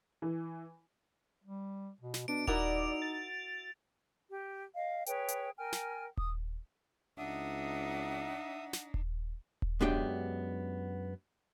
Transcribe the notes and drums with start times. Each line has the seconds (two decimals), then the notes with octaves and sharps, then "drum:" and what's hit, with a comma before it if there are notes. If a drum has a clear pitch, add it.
0.22 E3
1.44 G3
2.00 B2
2.14 drum: snare
2.28 B2 D4 D7
2.48 D#4 E4 F#4 A#4 D5 F7, drum: kick D#1
3.02 A6
4.29 G4
4.74 D#5 F5
5.06 G#4 B4 C#5 G5, drum: hi-hat
5.28 drum: hi-hat
5.58 A#4 G5 G#5 F6
5.72 drum: snare
6.17 D#6, drum: kick D#1
7.18 C#2 D4 D#4 E5 F#5 D#6
8.73 drum: snare
8.94 drum: kick D#1
9.62 drum: kick D#1
9.81 F#2 G#3 B3 D4 G4 G5